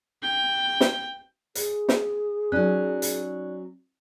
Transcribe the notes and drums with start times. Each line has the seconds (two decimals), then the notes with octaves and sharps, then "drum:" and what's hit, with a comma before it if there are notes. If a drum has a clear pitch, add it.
0.23 G5
0.80 drum: snare
1.55 G#4, drum: hi-hat
1.89 drum: snare
2.52 F#3 C#4 D#4 D5 F#6
3.02 drum: hi-hat